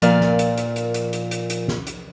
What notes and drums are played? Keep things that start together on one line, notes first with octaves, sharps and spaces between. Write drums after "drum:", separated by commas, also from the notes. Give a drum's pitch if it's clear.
A#2 F3 A#4 D5 F5, drum: hi-hat
drum: snare
drum: hi-hat
drum: hi-hat
drum: hi-hat
drum: hi-hat
drum: hi-hat
drum: hi-hat
drum: hi-hat
drum: snare
drum: hi-hat